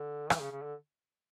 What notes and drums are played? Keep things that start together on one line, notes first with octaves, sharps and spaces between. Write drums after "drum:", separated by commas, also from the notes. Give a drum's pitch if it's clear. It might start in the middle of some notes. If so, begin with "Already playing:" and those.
Already playing: D3
E3, drum: rim click
C#3
C#3
D3